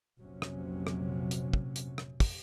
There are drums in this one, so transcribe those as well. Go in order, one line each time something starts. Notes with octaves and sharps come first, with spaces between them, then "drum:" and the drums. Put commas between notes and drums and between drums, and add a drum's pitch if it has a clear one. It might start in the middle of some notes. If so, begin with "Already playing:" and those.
F1 A#1 C3 F#3 C#4
drum: rim click
drum: rim click
drum: hi-hat
drum: kick
drum: hi-hat
drum: rim click
drum: kick, open hi-hat